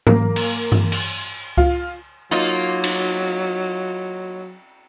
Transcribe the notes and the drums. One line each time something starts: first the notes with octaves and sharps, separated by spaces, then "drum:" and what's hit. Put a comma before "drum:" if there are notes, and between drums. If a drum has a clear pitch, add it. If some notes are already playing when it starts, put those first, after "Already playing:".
A#3, drum: tom G#2
drum: cymbal
drum: tom G2
drum: cymbal
F4, drum: kick C#2
F#3 A#3 D#4 F4, drum: hi-hat
drum: cymbal